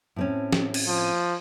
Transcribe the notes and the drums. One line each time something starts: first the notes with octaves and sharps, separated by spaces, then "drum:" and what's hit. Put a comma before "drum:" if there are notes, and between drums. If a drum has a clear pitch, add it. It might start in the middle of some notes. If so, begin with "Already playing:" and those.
A2 C4 C#4
drum: snare
drum: cymbal
F3